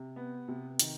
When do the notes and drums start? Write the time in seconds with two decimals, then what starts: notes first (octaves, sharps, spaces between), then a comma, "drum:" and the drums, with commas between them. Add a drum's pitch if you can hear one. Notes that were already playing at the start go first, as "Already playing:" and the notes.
Already playing: C3
0.16 B3
0.48 C3
0.79 D#3, drum: hi-hat